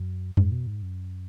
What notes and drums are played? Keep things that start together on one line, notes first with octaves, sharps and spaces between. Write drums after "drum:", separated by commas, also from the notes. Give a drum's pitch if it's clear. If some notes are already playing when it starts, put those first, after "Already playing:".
Already playing: F#2
G#2, drum: tom F2
B2
G#2
F#2